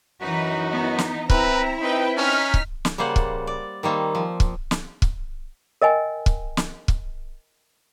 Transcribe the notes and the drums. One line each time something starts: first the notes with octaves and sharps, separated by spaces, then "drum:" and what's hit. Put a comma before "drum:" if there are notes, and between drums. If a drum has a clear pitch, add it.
F#2 E3 D#4 F#4 B4
E3 B3
drum: snare
C4 E4 B4 E5 A#5, drum: kick
C4 D#4 B4 G5 B5
C#4 D#4 F6 B6
drum: kick
drum: snare
C#3 G3 A#3 C5 D5 F#5
drum: kick
D5
D#3 G3 A#3 C4
F3
drum: kick
drum: snare
drum: kick
A#4 D#5 G5 G#5
drum: kick
drum: snare
drum: kick